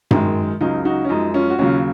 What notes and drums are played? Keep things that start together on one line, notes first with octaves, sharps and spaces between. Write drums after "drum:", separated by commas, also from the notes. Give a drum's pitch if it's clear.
F#2 D#3 G#3, drum: tom G2
C#2 C#3 F#3 D#4
D#4 F#4
C#4
F#2 F3 G#3 D#4
C#4 F4
F#4
D#2 C#3 F#3 C#4 F4